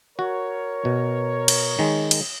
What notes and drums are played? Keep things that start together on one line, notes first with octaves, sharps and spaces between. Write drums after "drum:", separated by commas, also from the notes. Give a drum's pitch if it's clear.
F#4 A#4 C#5
B2
drum: cymbal
D#3 G#3
drum: cymbal